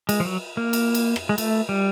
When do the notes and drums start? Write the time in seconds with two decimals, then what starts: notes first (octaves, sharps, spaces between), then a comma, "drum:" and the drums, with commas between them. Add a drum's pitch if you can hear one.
0.09 G#3, drum: cymbal
0.20 F3
0.25 F#3
0.57 A#3
0.73 drum: cymbal
0.94 drum: cymbal
1.16 drum: rim click
1.29 G#3
1.38 A3, drum: cymbal
1.69 G3